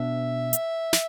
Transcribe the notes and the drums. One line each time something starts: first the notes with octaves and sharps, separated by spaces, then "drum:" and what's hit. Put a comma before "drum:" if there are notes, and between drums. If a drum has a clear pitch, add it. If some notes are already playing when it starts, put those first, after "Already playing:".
Already playing: B2 B3 D4 E5
drum: hi-hat
drum: snare